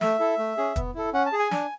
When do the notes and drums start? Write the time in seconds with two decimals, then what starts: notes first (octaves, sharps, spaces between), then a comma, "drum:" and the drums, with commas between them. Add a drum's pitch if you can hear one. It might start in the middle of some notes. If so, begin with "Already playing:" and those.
0.01 A3 E5, drum: snare
0.20 E4 A4
0.38 A3
0.57 C#4 G#4
0.76 B3, drum: kick, hi-hat
0.95 E4 A4
1.13 C#4 F#5
1.26 A5
1.33 G#4
1.39 G#5
1.51 D4, drum: snare